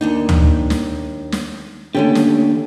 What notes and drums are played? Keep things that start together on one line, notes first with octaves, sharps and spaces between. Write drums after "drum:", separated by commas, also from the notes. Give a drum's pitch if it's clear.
D#2 D4 D#4
drum: tom
drum: snare
drum: snare
D#2 D3 A3 C#4 G4
drum: snare